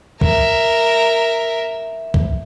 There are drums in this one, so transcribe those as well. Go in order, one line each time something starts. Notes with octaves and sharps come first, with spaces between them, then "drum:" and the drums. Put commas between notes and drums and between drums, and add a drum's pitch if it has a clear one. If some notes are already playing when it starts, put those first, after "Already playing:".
A#4 E5, drum: kick
drum: kick